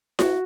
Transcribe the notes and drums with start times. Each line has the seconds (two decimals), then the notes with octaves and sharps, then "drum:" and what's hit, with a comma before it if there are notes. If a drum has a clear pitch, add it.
0.19 F#4, drum: snare E4